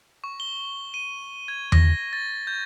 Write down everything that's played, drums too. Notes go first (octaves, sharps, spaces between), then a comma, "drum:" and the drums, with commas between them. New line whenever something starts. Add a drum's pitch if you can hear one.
C#6
G7
D#7
G#6
A#6, drum: tom E2
A6
G6